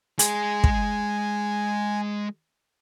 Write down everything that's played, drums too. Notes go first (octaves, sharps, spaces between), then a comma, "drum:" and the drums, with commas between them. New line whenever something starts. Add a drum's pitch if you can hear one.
G#3 G#4 G#5, drum: hi-hat
drum: kick